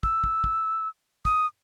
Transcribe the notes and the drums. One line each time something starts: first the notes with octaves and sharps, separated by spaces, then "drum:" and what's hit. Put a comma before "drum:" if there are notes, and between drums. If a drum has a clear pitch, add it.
E6, drum: kick
drum: kick
drum: kick
D#6, drum: kick